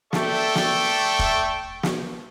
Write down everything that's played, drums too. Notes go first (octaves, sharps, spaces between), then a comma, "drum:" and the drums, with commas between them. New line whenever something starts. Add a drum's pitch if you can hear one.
A3 A4 D5 E5 G5 C#6, drum: snare
drum: snare
drum: kick
drum: snare